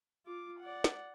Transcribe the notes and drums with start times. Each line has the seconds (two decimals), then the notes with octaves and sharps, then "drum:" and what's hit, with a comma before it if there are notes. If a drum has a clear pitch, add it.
0.26 F4 D6
0.60 D5 F#5
0.84 drum: snare